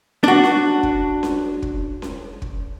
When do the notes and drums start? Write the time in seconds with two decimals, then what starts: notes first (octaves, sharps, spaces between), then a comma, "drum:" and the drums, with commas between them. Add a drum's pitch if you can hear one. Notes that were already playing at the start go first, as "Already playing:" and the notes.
0.24 D4 F#4
0.44 drum: snare C#4
0.83 drum: kick
1.23 drum: snare C#4
1.62 drum: kick
2.02 drum: snare C#4
2.42 drum: kick